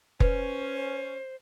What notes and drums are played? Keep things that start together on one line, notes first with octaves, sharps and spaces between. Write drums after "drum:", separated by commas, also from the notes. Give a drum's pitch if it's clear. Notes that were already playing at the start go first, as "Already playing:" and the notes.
C#4 B4 C5, drum: kick F1